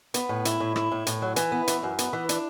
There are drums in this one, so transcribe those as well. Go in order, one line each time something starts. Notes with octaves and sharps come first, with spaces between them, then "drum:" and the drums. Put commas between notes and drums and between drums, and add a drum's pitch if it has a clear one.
B3, drum: hi-hat
A2
E4, drum: hi-hat
A2
E4, drum: rim click
A2
A2, drum: hi-hat
F#3
E3, drum: hi-hat
B3
E3, drum: hi-hat
F#2
B3, drum: hi-hat
E3
D4, drum: hi-hat